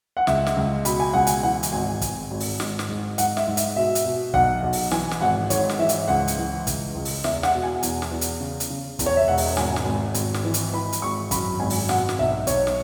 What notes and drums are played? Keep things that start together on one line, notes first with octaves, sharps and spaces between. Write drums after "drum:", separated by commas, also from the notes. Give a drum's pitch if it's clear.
F#5
C#2 E5, drum: snare
drum: snare
C#2
B2 B5, drum: hi-hat
G#5
C#2 F#5
G#5, drum: hi-hat
E3 F#5
drum: hi-hat
G#1 G#5
G#1, drum: kick, hi-hat
G#1
drum: open hi-hat
G#1, drum: snare
drum: snare
G#2
G#2 F#5, drum: hi-hat
E5, drum: snare
G#2
E5, drum: hi-hat
B2 E5
drum: hi-hat
B2
B1 F#5, drum: kick
B1
drum: open hi-hat
E3 G#5, drum: snare
drum: snare
G#1 F#5
G#2 C#5, drum: hi-hat
drum: snare
E3 E5
drum: hi-hat
C#2 F#5
drum: hi-hat
E3
C#2, drum: kick, hi-hat
C#2
drum: open hi-hat
E2 E5, drum: snare
F#5, drum: snare
B2
G#5
E2, drum: hi-hat
drum: snare
E2
drum: hi-hat
C#3
drum: hi-hat
C#3
E2, drum: kick, hi-hat
C#5
E5
E1 F#5
drum: open hi-hat
G#1 G#5, drum: snare
drum: snare
G#1
G#1, drum: hi-hat
drum: snare
E3
drum: hi-hat
E3 B5
drum: hi-hat
G#1 C#6
F#2 B5, drum: kick, hi-hat
G#1 G#5
drum: open hi-hat
B2 F#5, drum: snare
drum: snare
B1 E5
B1 C#5, drum: hi-hat
drum: snare